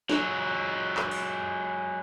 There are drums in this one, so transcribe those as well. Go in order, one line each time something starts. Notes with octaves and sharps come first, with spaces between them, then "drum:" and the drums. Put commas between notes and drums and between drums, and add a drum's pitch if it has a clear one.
F#3 G#3, drum: snare
drum: clap
drum: open hi-hat